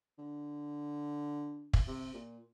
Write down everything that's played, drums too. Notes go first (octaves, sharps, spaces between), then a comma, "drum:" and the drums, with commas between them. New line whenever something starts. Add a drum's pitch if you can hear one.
D3
drum: kick
C3
A#2